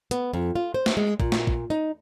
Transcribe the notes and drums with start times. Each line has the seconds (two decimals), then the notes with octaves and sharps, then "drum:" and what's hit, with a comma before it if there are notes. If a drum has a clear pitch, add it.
0.11 B3, drum: hi-hat
0.33 F2
0.55 F4
0.74 C5
0.86 drum: snare
0.97 G#3
1.20 A#2, drum: kick
1.32 drum: snare
1.47 drum: kick
1.70 D#4